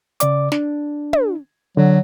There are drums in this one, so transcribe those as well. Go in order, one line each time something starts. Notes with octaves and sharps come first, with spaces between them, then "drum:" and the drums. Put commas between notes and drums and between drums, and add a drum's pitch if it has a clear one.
C#3 D5 D6, drum: hi-hat
D4, drum: snare
drum: tom
D3 F#3